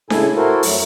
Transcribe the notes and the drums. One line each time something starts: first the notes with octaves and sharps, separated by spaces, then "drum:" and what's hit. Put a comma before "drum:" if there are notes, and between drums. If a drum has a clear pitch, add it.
A2 C#3 E4 A4 G#5, drum: snare D4
E4 F#4 A4 A#4 C5
F2 F#3 A3, drum: open hi-hat